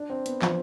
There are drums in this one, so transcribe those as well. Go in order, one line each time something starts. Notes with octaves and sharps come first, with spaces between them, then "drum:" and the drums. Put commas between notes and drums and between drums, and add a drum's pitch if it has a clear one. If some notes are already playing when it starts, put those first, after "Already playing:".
Already playing: D4
C4
B3, drum: hi-hat
F3, drum: clap